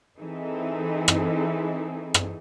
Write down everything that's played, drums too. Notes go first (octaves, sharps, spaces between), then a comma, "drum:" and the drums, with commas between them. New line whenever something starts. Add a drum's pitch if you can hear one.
E3 C4 D#4 E4 G#4 A4
drum: rim click
drum: rim click